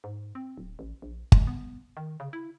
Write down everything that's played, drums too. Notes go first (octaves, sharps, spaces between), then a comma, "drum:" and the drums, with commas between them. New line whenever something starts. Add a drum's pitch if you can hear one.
G#2
C4
D1
A1
A#1
G#3, drum: kick G1
B3
D#3
C#3
E4